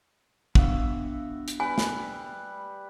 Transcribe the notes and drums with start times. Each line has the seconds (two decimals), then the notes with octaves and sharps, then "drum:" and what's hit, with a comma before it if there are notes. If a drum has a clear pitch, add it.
0.55 B3 D4 F#4 E5 F5, drum: kick
1.48 drum: hi-hat
1.60 G3 B4 G#5
1.78 drum: snare